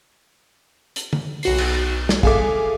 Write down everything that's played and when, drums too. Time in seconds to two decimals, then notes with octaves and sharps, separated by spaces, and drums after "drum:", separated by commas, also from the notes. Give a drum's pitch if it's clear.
0.96 drum: hi-hat
1.13 drum: tom
1.43 B1 F#4 C7, drum: open hi-hat
1.58 drum: cymbal
2.09 drum: snare
2.23 G#4 A4 E5 F5 G#5 D6, drum: kick